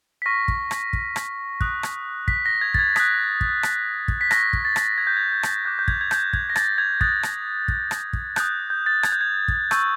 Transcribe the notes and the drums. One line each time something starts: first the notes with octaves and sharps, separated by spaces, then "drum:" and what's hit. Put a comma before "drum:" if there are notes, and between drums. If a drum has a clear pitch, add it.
B6
C#6 F6 A#6
drum: kick
drum: rim click
drum: kick
drum: rim click
D#6 F#6, drum: kick
drum: rim click
B6, drum: kick
A#6
G#6
A6, drum: kick
G#6
D#6 F#6 B6, drum: rim click
drum: kick
drum: rim click
drum: kick
B6
C#6 F6 A#6, drum: rim click
drum: kick
A6
drum: rim click
G#6
G6
G#6
G6
drum: rim click
D6 F#6 G6
G6
G#6, drum: kick
G#6
G6, drum: rim click
G#6, drum: kick
A#6
A6, drum: rim click
G#6
D#6 F#6 A6, drum: kick
drum: rim click
drum: kick
drum: rim click
drum: kick
D#6 F#6 G6, drum: rim click
G6
A6
G#6, drum: rim click
G6
G#6
drum: kick
C#6 E6 G6, drum: rim click